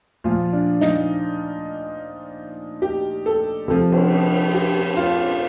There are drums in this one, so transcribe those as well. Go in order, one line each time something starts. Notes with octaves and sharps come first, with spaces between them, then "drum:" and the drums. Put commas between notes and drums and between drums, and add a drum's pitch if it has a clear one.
A#2 F3 F4
D4
D#4, drum: snare
G4
A4
C3 F3 A4
drum: cymbal
G4
F4